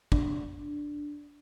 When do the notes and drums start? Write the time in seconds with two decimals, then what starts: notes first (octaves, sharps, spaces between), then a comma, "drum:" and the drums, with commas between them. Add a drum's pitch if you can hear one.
0.12 D4, drum: kick